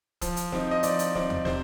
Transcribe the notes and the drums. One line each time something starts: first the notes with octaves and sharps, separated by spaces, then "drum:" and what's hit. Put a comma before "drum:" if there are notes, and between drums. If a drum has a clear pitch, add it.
F3, drum: kick, hi-hat
drum: hi-hat
C4 D#4, drum: snare
D#5
F3 D5, drum: hi-hat
drum: hi-hat
C4 D#4 D5, drum: snare
drum: tom D#2
C3 C5, drum: snare